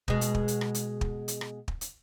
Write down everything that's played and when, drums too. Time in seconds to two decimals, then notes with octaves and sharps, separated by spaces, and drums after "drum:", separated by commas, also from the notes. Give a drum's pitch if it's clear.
0.08 B2 G#3, drum: kick
0.21 drum: hi-hat
0.35 drum: kick
0.48 drum: hi-hat
0.61 drum: rim click
0.74 drum: hi-hat
1.01 drum: kick
1.28 drum: hi-hat
1.41 drum: rim click
1.68 drum: kick
1.81 drum: hi-hat